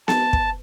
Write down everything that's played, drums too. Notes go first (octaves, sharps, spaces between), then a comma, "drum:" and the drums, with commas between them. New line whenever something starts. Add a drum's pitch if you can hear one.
A5, drum: snare B3
drum: kick